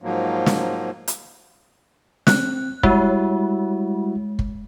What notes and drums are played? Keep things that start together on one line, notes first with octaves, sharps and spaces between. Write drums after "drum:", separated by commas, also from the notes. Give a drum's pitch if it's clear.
G#2 F3 F#3 A#3
drum: snare
drum: hi-hat
C4 F#6, drum: snare
G3 G#3 E4 F#4, drum: kick
drum: kick